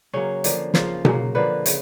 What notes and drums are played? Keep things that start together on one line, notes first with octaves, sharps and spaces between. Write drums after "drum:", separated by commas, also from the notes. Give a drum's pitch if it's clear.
C#3 F#3 A#3 C#4
D3 F3 A#3, drum: hi-hat
C#3 F3 A#3 F4, drum: snare
C#3 F#3 A#3, drum: tom B2
D3 F3 A#3 B4
C#3, drum: hi-hat